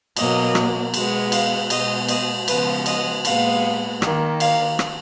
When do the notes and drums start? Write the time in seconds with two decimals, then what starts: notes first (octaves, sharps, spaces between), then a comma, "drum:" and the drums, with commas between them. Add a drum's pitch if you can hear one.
0.16 B2 F#3 A#3 D#5, drum: cymbal
0.55 drum: rim click
0.94 B2 G#3 B3, drum: cymbal
1.32 F5, drum: cymbal
1.70 B2 G#3 B3 D#5, drum: cymbal
2.08 D#5, drum: cymbal
2.48 C#3 F3 G#3 B3 B4, drum: cymbal
2.86 D#5, drum: cymbal
3.25 A#2 G#3 B3 F5, drum: cymbal
4.02 D#3 A#3, drum: rim click
4.40 F5, drum: cymbal
4.79 drum: rim click